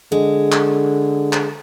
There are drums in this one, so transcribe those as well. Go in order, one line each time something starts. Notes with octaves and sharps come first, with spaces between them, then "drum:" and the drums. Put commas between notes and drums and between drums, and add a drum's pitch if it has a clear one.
D3 G#3
drum: clap
drum: clap